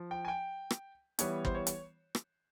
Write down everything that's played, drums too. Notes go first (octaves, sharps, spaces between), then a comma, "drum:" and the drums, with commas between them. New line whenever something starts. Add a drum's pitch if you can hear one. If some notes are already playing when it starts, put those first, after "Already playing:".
Already playing: F3
G5
G#5
G5
drum: rim click
E3 G3 B3 C#5, drum: hi-hat
C5, drum: kick
C#5
drum: hi-hat
drum: rim click